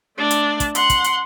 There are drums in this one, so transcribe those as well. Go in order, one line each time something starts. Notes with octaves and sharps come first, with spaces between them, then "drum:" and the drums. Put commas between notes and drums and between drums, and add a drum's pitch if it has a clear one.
A3 D4
drum: hi-hat
drum: kick, hi-hat
F#5 C6, drum: hi-hat
drum: kick, hi-hat
drum: hi-hat